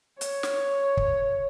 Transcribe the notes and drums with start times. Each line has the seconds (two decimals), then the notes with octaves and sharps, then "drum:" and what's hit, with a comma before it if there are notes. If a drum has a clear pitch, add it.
0.21 C#5, drum: hi-hat
0.43 drum: snare
0.97 drum: kick